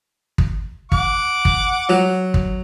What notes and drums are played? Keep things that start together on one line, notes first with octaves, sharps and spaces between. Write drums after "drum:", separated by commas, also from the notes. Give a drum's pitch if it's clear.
drum: kick
F#5 D6, drum: kick
drum: kick
F#3
drum: kick